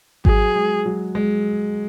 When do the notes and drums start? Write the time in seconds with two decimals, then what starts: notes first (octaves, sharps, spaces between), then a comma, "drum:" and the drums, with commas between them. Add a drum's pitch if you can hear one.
0.25 F#3 G#4, drum: kick G#1
0.56 G#3
0.86 F#3
1.15 G#3